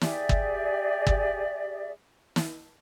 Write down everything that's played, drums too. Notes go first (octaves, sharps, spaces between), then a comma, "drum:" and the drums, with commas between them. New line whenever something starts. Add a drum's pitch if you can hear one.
G4 G#4 D5 E5, drum: snare
drum: kick
drum: kick
drum: snare